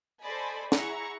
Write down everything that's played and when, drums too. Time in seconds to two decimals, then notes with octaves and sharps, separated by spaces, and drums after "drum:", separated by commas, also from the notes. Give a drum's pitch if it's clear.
0.21 A4 C5 D5 D#5 G#5 B5
0.72 E4 G#4 E5 F#5 A#5 C#6, drum: snare